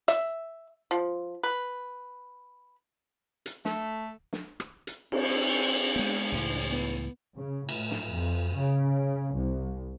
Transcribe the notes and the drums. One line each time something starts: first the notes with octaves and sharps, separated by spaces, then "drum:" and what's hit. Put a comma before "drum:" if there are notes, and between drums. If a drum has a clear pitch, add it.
E5, drum: hi-hat
F3
B4
drum: hi-hat
A3, drum: snare
drum: snare
drum: rim click
drum: hi-hat
C4, drum: cymbal
G#3 B3
C#2 A2 E3
B3
C#3
A2, drum: cymbal
drum: snare
F2
C#3
C2